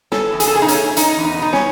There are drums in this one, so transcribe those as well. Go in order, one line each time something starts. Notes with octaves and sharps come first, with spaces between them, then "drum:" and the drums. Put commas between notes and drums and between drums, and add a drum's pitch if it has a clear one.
C#4 A4, drum: snare
E2
G#4, drum: hi-hat
A4
B2 G#4
D#4
C#4, drum: hi-hat
A3
C#4 D#4, drum: hi-hat
E2
D#4
B2 D#4
C#4, drum: snare